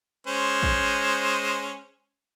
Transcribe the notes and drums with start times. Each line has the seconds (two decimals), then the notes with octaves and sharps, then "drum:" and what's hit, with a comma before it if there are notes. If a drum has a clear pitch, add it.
0.27 G#3 C#4 C5
0.63 drum: kick